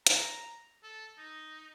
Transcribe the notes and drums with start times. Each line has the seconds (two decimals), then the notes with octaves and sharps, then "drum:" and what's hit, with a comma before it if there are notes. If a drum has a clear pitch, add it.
0.07 A#5, drum: hi-hat
0.83 A4
1.18 D#4